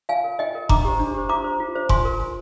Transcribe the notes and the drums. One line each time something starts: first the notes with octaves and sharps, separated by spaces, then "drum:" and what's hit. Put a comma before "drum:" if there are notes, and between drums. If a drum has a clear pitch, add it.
F4 F5 G#5
A#4
F4 D#5 G5
A#4
D4 A#5 D6, drum: kick F1
G4 C5
D4
G4 C5
F4 A#5 D6
C5
F4
C5
F4 G#5 C6, drum: kick F1
A#4
F4